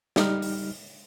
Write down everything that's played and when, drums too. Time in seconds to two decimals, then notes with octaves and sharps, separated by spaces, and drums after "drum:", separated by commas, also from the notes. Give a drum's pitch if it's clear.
0.16 G3 D#4 F6, drum: snare
0.42 drum: open hi-hat